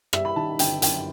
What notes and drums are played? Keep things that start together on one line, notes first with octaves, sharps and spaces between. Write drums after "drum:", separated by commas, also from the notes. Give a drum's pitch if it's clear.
G3 E5, drum: rim click
B5
D#3 A5
G1 G5, drum: hi-hat
F#2 G5, drum: hi-hat